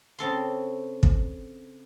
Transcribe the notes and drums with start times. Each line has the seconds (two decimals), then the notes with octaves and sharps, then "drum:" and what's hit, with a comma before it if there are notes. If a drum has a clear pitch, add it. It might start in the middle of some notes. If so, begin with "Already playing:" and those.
0.19 C#3 C4 A4 C6
1.03 drum: kick